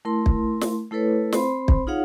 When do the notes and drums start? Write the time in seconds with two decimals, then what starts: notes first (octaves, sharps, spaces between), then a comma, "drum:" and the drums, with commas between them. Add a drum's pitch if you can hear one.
0.05 A3 E4 A#4 A5 C6
0.26 drum: kick
0.61 drum: snare
0.91 A3 E4 A4 B4 C#5
1.33 C4 C5 B5 C6, drum: snare
1.68 drum: kick
1.87 D#4 F4 G#4 C#5 F5 F#5